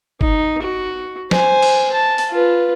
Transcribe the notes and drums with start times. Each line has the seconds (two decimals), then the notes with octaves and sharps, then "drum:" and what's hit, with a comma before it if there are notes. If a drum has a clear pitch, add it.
0.21 D#4, drum: kick G1
0.63 F#4
1.31 C5 G#5, drum: snare
1.62 drum: cymbal
1.93 A5
2.18 drum: open hi-hat
2.30 F4 B4